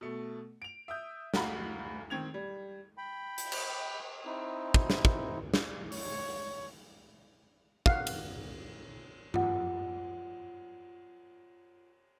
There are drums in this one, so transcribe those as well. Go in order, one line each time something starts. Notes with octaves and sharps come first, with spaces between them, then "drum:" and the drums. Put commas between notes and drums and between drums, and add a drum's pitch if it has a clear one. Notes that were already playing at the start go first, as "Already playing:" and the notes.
B2 A3
D7 F7
E5 D#6 G6
D2 F#4 F5 A#5 B5, drum: snare
D#3 C4 G#6 F7
G3
G5 B5
drum: hi-hat
drum: cymbal
C4 D#4 E4
drum: kick
drum: snare
drum: kick
drum: snare
C#5, drum: open hi-hat
F5 F#5, drum: kick
drum: cymbal
F4 F#5, drum: tom G2